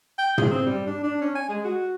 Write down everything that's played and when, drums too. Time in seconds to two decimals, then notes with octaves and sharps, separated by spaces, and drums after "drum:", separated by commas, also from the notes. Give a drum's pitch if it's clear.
0.18 G5
0.38 G#4, drum: tom
0.51 C4
0.66 G3
0.86 D4
1.03 D4
1.21 C#4
1.35 G#5
1.48 G#3
1.64 F#4